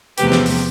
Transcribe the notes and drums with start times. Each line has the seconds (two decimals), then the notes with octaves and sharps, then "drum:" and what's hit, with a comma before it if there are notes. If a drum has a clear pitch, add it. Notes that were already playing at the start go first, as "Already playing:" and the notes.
0.18 E2 C3 F3 A3 G4 B4, drum: hi-hat
0.32 drum: snare
0.46 drum: open hi-hat